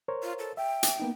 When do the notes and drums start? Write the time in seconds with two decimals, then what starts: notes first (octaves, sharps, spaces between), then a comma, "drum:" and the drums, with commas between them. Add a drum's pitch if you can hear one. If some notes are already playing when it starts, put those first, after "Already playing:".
0.08 A#4 C5 C#5
0.23 F4
0.39 A4
0.57 E5 G5
0.83 drum: hi-hat
1.00 A#3 B3 D#4